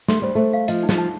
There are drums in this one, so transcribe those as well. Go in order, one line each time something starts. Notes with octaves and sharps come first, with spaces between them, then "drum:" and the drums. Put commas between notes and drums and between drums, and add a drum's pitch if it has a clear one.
A3 C6, drum: snare
G3 C5
A3 C5
F5
F3 D#5, drum: hi-hat
D#4
F3, drum: snare
A5